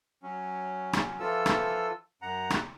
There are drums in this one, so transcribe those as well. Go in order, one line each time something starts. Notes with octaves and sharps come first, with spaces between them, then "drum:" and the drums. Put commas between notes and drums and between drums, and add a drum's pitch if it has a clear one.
F#3 C#4
drum: rim click
E3 F3 F4 A4 E6
drum: rim click
F#2 F#5 A#5
drum: rim click